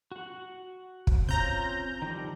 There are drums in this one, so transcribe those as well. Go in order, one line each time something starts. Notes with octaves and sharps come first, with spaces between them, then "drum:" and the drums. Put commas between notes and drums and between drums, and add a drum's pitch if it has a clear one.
F#4 F#5
drum: kick
C4 C#4 F4 A#5 G6
D#3 F3 G3